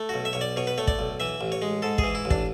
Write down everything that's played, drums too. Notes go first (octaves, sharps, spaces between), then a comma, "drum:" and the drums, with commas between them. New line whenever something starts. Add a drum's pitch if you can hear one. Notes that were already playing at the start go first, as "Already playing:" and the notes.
Already playing: A3
B1 F#4
E5
B1 C#5
D5
B2 C#5
B4
A3 C#5
D5, drum: kick
B1
E3 E5
A1
C#5
G#3
G#2 A4
G#4, drum: kick
E3
E4
A1
D4, drum: kick